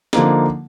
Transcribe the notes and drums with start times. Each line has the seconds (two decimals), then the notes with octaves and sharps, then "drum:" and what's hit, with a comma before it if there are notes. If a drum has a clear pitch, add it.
0.13 D3 F3 A#3 D#4, drum: snare C4